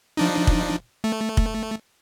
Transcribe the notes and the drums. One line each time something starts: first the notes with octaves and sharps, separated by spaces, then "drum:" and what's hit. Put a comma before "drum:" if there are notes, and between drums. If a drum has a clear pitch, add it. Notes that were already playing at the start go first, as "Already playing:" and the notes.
F3 D4 D#4
drum: kick
A3
drum: kick